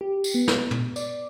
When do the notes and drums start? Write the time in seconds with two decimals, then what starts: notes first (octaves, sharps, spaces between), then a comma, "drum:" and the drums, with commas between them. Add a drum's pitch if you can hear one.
0.01 G4
0.24 drum: tambourine
0.34 B3
0.47 drum: snare
0.71 drum: tom
0.96 D5, drum: tambourine